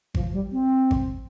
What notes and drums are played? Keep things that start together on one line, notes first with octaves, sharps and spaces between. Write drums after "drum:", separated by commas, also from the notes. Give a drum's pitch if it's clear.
F3, drum: kick G#1
G3
C4
drum: kick G#1